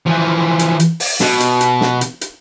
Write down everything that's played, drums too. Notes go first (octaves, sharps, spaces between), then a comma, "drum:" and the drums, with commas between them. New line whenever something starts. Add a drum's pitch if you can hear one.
E3 F3
drum: hi-hat
drum: hi-hat
drum: open hi-hat
B2, drum: snare
drum: hi-hat
drum: hi-hat
drum: snare
drum: hi-hat
drum: hi-hat